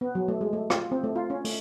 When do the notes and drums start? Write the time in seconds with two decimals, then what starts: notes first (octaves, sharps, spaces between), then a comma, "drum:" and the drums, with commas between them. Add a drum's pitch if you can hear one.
0.01 B3
0.15 F#3
0.28 A3
0.41 G#3
0.53 A3
0.70 F4, drum: rim click
0.92 C4
1.04 A3
1.16 F4
1.30 C#4
1.45 A3, drum: open hi-hat